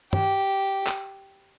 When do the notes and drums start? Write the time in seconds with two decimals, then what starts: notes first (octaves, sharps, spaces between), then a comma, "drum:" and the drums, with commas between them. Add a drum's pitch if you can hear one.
0.13 G4, drum: tom
0.87 drum: clap